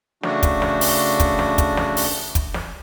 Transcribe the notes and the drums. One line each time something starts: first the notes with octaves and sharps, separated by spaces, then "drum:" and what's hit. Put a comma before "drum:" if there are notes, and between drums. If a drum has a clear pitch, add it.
C#3 A3 D4 F#4, drum: snare
drum: kick, hi-hat
drum: snare
drum: open hi-hat
drum: kick, hi-hat
drum: snare
drum: kick, hi-hat
drum: snare
drum: open hi-hat
drum: kick, hi-hat
drum: snare